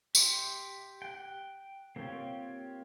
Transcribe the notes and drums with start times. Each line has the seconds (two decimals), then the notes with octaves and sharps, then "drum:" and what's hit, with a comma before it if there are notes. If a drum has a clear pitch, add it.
0.15 G4 E5 C6 D6, drum: tambourine
1.02 G5 F#6
1.96 A#3 C4 F4 G4 C#5